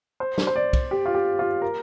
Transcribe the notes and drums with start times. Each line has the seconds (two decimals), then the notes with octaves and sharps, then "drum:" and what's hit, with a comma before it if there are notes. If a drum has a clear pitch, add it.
0.20 C5
0.38 drum: snare
0.47 C5
0.56 D5
0.73 drum: kick, cymbal
0.91 G4
1.06 F4
1.15 G4
1.39 F4
1.62 A#4